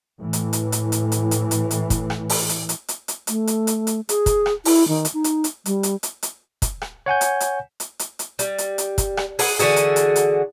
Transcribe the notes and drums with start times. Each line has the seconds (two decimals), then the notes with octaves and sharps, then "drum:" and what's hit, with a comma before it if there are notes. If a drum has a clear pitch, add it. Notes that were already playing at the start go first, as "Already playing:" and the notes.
0.19 A2 E3
0.33 drum: hi-hat
0.53 drum: hi-hat
0.72 drum: hi-hat
0.92 drum: hi-hat
1.12 drum: hi-hat
1.31 drum: hi-hat
1.51 drum: hi-hat
1.71 drum: hi-hat
1.90 drum: kick, hi-hat
2.10 drum: rim click
2.30 drum: open hi-hat
2.49 drum: hi-hat
2.69 drum: hi-hat
2.88 drum: hi-hat
3.08 drum: hi-hat
3.27 A3, drum: hi-hat
3.47 drum: hi-hat
3.67 drum: hi-hat
3.87 drum: hi-hat
4.09 G#4, drum: hi-hat
4.26 drum: kick, hi-hat
4.46 drum: rim click
4.65 E4, drum: open hi-hat
4.88 D#3
5.05 drum: hi-hat
5.14 D#4
5.24 drum: hi-hat
5.44 drum: hi-hat
5.66 G3, drum: hi-hat
5.83 drum: hi-hat
6.03 drum: hi-hat
6.23 drum: hi-hat
6.62 drum: kick, hi-hat
6.82 drum: rim click
7.06 C#5 F#5 G#5 G6
7.21 drum: hi-hat
7.40 drum: hi-hat
7.80 drum: hi-hat
7.99 drum: hi-hat
8.19 drum: hi-hat
8.39 G3, drum: hi-hat
8.58 drum: hi-hat
8.78 drum: hi-hat
8.98 drum: kick, hi-hat
9.17 drum: rim click
9.39 G#4 F#5, drum: open hi-hat
9.59 D3 E3 F#4 G#4, drum: hi-hat
9.76 drum: hi-hat
9.96 drum: hi-hat
10.16 drum: hi-hat